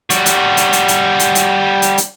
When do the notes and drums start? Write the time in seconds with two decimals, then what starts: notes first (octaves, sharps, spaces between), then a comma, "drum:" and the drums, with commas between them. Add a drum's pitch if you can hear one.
0.10 G3 F#4, drum: hi-hat
0.26 drum: hi-hat
0.57 drum: hi-hat
0.73 drum: hi-hat
0.88 drum: hi-hat
1.19 drum: hi-hat
1.35 drum: hi-hat
1.82 drum: hi-hat
1.98 drum: hi-hat